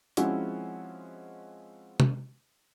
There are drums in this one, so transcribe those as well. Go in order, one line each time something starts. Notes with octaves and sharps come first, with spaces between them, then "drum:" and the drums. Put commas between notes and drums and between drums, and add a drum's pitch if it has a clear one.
F3 G#3 C4 C#4 E4 F#4, drum: hi-hat
drum: tom